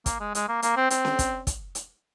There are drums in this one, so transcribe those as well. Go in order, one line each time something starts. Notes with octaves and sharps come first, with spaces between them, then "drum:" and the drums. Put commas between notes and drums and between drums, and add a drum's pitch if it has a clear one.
A#3, drum: kick, hi-hat
G#3
G#3, drum: hi-hat
A#3
A#3, drum: hi-hat
C4
C4, drum: hi-hat
drum: snare C#4
drum: kick, hi-hat
drum: kick, hi-hat
drum: hi-hat